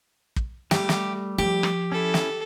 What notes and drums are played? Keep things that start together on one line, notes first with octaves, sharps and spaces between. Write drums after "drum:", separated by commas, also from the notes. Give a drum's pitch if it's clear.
drum: kick
G3 A3 G4, drum: snare
drum: snare
F3 G4
drum: rim click
C#4 E4 A4
drum: snare